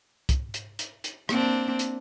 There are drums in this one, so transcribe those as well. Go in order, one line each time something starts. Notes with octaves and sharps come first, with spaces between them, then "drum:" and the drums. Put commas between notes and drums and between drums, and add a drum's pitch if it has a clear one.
drum: kick, hi-hat
drum: hi-hat
drum: hi-hat
drum: hi-hat
A#3 C4 D4, drum: rim click
drum: hi-hat